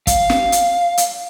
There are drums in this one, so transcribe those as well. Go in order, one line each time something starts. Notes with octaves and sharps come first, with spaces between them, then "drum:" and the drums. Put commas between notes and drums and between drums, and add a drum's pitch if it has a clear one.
F5, drum: kick, hi-hat
drum: snare
drum: hi-hat
drum: hi-hat